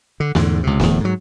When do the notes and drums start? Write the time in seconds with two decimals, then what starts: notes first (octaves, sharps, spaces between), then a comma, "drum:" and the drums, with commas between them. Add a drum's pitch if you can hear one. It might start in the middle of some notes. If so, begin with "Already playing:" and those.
0.20 D3
0.35 E2 G#2 D3, drum: snare A3
0.63 C#2 C3
0.80 D1 E2, drum: snare A3
1.00 G#2 F#3